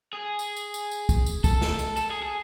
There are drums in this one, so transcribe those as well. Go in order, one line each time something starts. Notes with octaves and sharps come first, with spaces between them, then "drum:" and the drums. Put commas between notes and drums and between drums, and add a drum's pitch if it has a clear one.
G#4
drum: tambourine
drum: tambourine
drum: tambourine
drum: tambourine
drum: kick, tambourine
drum: tambourine
A4, drum: kick, tambourine
drum: snare
drum: tambourine
A4, drum: tambourine
G#4
G#4